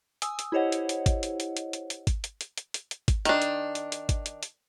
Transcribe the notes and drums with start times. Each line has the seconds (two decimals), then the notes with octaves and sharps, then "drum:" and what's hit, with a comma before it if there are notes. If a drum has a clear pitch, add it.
0.22 G#5 D#6 E6, drum: hi-hat
0.39 drum: hi-hat
0.52 E4 G4 C5 C#5 D#5 F#5
0.72 drum: hi-hat
0.89 drum: hi-hat
1.06 drum: kick G#1, hi-hat
1.23 drum: hi-hat
1.40 drum: hi-hat
1.57 drum: hi-hat
1.73 drum: hi-hat
1.90 drum: hi-hat
2.07 drum: kick G#1, hi-hat
2.24 drum: hi-hat
2.41 drum: hi-hat
2.58 drum: hi-hat
2.74 drum: hi-hat
2.91 drum: hi-hat
3.08 drum: kick G#1, hi-hat
3.25 D#3 D4, drum: hi-hat
3.42 drum: hi-hat
3.75 drum: hi-hat
3.92 drum: hi-hat
4.09 drum: kick G#1, hi-hat
4.26 drum: hi-hat
4.43 drum: hi-hat